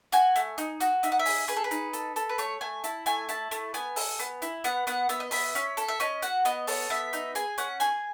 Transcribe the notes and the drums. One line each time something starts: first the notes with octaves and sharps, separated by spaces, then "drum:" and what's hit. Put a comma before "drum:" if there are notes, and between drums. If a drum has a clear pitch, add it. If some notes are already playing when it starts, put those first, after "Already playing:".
F#4 G#5, drum: hi-hat
A3, drum: hi-hat
D#4, drum: hi-hat
F#4, drum: hi-hat
D#4 E5, drum: hi-hat
F#5
E5
G#4, drum: open hi-hat
G#4 B4, drum: hi-hat
A4
B4
D#4, drum: hi-hat
A4, drum: hi-hat
A4, drum: hi-hat
B4
A3 C#5, drum: hi-hat
A3 G#5
E4 A5, drum: hi-hat
A3 G#5, drum: hi-hat
E4 A5, drum: hi-hat
A3, drum: hi-hat
B3 G#5, drum: hi-hat
A4, drum: open hi-hat
B3, drum: hi-hat
E4, drum: hi-hat
B3 F#5, drum: hi-hat
B3 F#5, drum: hi-hat
B3 E5, drum: hi-hat
D#5
B3 E5, drum: open hi-hat
C#4, drum: hi-hat
A4, drum: hi-hat
E5
C#4 D#5, drum: hi-hat
F#4 F#5, drum: hi-hat
B3 D#5, drum: hi-hat
A4 C#5, drum: open hi-hat
B3 E5
D#4, drum: hi-hat
G#4 G#5, drum: hi-hat
C#4 F#5, drum: hi-hat
G#4 G#5, drum: hi-hat